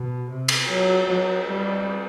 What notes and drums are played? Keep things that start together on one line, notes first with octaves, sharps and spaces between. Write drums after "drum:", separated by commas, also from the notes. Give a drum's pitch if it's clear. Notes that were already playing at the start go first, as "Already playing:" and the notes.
Already playing: B2
C3
drum: cymbal
F#3
F#3
G3